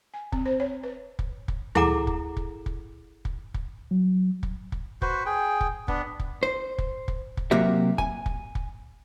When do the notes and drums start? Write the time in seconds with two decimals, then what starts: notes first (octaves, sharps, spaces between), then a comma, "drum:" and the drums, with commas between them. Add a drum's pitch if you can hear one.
0.14 G#5
0.32 C4, drum: kick
0.46 C5
0.60 C#5
0.83 B4
1.19 drum: kick
1.48 drum: kick
1.75 E4 G#4 A4 F#5 A#5 D6, drum: tom D2
2.07 drum: kick
2.37 drum: kick
2.66 drum: kick
3.25 drum: kick
3.54 drum: kick
3.91 F#3
4.43 drum: kick
4.72 drum: kick
5.02 F#4 B4 C5, drum: kick
5.26 G#4 G5
5.61 drum: kick
5.88 B3 D4, drum: kick
6.20 drum: kick
6.43 C5
6.78 drum: kick
7.08 drum: kick
7.37 drum: kick
7.51 C3 F#3 A#3 F#4 G4 E5
7.98 G#5, drum: kick
8.26 drum: kick
8.55 drum: kick